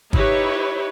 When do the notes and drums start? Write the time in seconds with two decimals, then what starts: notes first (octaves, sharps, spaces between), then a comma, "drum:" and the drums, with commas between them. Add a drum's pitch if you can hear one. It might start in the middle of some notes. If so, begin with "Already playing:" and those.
0.13 D#4 E4 G4 B4 C#5, drum: kick